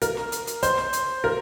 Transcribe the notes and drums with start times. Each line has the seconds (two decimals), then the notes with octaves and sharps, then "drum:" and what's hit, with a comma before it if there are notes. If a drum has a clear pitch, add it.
0.02 A#4, drum: kick, hi-hat
0.17 drum: snare
0.32 drum: hi-hat
0.47 drum: hi-hat
0.63 C5, drum: kick, hi-hat
0.78 drum: snare
0.93 drum: hi-hat
1.24 A#4, drum: kick